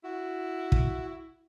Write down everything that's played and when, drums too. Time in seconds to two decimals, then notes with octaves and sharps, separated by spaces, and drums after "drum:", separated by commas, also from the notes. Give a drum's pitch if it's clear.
0.04 E4 F#4
0.72 drum: kick